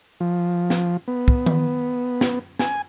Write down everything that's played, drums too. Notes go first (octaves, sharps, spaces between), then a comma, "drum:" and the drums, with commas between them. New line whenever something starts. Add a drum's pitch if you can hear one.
F3
drum: snare
B3
drum: kick
drum: tom D#3
drum: snare
G#5, drum: snare